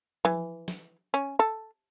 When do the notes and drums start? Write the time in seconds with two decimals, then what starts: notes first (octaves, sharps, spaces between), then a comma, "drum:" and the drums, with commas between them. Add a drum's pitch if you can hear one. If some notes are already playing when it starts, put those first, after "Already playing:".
0.25 E3, drum: tom F3
0.68 drum: snare
1.14 C#4
1.39 A4